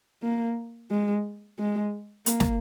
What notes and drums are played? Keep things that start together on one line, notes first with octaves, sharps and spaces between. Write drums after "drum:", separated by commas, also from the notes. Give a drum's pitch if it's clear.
A#3
G#3
G#3
A#3, drum: hi-hat
drum: snare